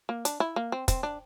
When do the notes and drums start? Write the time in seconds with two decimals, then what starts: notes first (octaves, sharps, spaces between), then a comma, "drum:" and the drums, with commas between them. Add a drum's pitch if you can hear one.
0.09 A#3
0.25 D4, drum: hi-hat
0.40 E4
0.56 A#3
0.72 C4
0.88 C4, drum: kick, hi-hat
1.03 D4